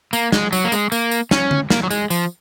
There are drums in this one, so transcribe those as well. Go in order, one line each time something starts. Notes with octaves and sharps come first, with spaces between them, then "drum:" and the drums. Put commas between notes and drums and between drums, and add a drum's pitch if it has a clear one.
A#3, drum: tambourine
G#3, drum: snare
F#3, drum: tambourine
A#3
G#3, drum: tambourine
A#3, drum: tambourine
drum: tambourine
C#4, drum: snare
drum: tom D3
A#3, drum: snare
F#3
G#3, drum: tambourine
F3, drum: tambourine